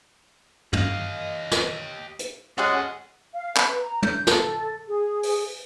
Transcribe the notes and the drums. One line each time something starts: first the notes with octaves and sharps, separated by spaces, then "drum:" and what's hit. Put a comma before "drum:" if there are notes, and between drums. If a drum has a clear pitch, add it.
G4 D#5 F5, drum: tom
drum: snare
drum: hi-hat
G#3 C#4 F#4 G#4 A4 D#5 F#5
F5
B4, drum: clap
A#5
G6, drum: tom
A4, drum: snare
G#4
drum: open hi-hat